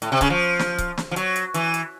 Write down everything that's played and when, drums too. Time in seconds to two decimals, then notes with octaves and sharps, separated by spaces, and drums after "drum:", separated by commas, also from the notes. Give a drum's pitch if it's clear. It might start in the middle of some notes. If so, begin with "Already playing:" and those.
0.02 A2, drum: hi-hat
0.12 C3
0.21 C#3, drum: kick C#1, hi-hat
0.30 F3
0.59 drum: snare
0.78 drum: kick C#1, hi-hat
0.97 drum: snare
1.11 F3
1.16 F#3, drum: hi-hat
1.36 drum: hi-hat
1.54 E3, drum: hi-hat
1.74 drum: hi-hat